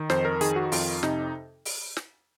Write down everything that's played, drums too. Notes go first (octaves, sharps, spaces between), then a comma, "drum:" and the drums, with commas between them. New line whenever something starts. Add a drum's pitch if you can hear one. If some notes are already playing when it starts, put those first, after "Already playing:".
Already playing: D#3
F2 C5, drum: snare
A#4
D#3 G#4, drum: hi-hat
F#4
F2 F4, drum: open hi-hat
C3 D#4, drum: snare
drum: open hi-hat
drum: snare